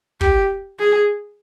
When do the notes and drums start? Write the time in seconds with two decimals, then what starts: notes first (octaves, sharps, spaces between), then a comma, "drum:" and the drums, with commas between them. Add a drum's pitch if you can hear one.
0.21 G4, drum: kick
0.79 G#4